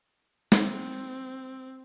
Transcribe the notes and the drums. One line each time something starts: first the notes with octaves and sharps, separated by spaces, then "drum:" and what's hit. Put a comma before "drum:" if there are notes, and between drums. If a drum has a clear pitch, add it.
C4, drum: snare